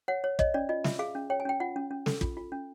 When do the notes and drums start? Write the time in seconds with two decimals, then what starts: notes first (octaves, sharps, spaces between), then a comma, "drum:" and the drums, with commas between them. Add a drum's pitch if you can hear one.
0.08 C#5 F#5
0.24 C#5
0.39 C#5 D#5, drum: kick
0.54 C#4 D5
0.69 F4 D#5
0.84 F4 E5, drum: snare
0.99 G#4 F5
1.15 C#4
1.30 C#5 G5
1.40 G#5
1.45 C#4 G5
1.60 F4 F#5
1.76 C#4
1.91 C#4
2.06 A4, drum: snare
2.21 F4, drum: kick
2.37 F4
2.52 C#4